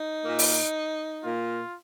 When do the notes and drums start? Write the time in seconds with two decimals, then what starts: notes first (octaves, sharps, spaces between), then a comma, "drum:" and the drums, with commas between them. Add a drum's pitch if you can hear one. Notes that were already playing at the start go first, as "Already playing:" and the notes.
Already playing: D#4
0.23 A#2 A#3
0.39 drum: open hi-hat
1.23 A#2 A#3 F4